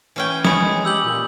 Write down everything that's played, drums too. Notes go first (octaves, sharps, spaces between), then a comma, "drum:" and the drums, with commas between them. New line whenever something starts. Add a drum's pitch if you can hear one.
E3 C#4 G5
C#5 G#5 B5 D#6, drum: snare
G#3
G4 E6 G6 F#7
A#2